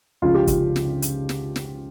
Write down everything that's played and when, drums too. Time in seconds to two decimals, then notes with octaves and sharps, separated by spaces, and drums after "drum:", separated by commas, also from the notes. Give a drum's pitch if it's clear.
0.22 C#2 C#3 F3 F4
0.35 G4
0.47 F4, drum: kick, hi-hat
0.76 drum: snare
1.02 drum: hi-hat
1.29 drum: snare
1.56 drum: snare